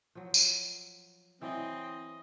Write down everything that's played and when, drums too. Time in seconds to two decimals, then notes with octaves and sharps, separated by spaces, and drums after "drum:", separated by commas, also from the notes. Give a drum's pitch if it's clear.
0.15 F3 F#3
0.34 drum: tambourine
1.42 E3 F#3 C4 D5 D#5